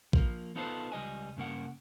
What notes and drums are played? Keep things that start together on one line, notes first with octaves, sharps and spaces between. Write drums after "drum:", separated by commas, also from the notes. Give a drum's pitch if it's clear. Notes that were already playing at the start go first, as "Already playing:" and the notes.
F3 A#3, drum: kick
B3 D#4 F4 A4 B4 C5
C#2 G3 D#5 G#5
G2 C#3 A#3 F#5